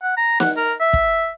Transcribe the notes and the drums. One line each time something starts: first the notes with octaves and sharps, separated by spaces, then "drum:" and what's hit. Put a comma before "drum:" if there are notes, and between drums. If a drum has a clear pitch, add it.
F#5
A#5
F#5, drum: snare
A#4
E5
drum: kick